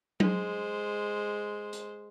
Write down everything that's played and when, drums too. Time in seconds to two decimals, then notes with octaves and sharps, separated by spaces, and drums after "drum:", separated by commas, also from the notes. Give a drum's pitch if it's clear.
0.20 G#3 C5, drum: tom F#3
1.73 drum: hi-hat